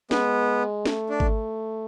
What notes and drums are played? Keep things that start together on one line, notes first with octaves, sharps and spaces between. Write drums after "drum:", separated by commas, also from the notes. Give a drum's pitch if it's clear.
G#3 B3, drum: snare
A3, drum: snare
D4
drum: kick G#1